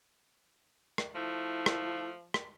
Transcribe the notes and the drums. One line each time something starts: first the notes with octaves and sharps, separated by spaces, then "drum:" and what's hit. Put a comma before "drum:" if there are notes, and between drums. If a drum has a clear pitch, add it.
drum: rim click
F3 A3 E4
drum: rim click
drum: rim click